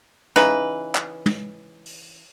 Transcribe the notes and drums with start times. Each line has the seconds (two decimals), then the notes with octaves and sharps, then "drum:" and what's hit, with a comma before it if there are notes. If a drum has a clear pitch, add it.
0.36 C#3 E3 D#4 B4, drum: snare
0.95 drum: clap
1.26 drum: tom
1.86 drum: open hi-hat